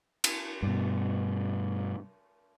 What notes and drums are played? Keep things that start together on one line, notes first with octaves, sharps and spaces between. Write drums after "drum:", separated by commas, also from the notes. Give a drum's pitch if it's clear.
drum: cymbal
G2 B2